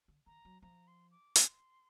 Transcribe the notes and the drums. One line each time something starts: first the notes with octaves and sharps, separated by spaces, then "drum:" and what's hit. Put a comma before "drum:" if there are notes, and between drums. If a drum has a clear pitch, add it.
D3
D#3 A#5
F#3
F3 A#5
C6
D6
C6, drum: hi-hat